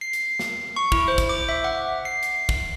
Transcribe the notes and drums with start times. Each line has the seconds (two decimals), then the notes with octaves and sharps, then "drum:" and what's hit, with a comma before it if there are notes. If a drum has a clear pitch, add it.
0.01 C7
0.13 drum: hi-hat
0.39 drum: snare
0.76 C#6
0.92 E4, drum: kick
1.08 C5
1.18 drum: kick, hi-hat
1.29 D6
1.49 E5
1.64 F#5
2.05 C7
2.23 drum: hi-hat
2.49 drum: kick